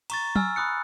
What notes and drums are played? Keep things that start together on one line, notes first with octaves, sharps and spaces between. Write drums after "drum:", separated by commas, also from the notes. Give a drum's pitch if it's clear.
A#5 C#6 A6, drum: cymbal
G#5 E6 F6, drum: tom
B5 D#6 F#6 C#7